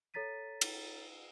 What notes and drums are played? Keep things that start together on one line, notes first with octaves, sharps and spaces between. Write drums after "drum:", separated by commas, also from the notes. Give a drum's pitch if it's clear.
A4 C#5 A#5 A6 B6 D#7
drum: cymbal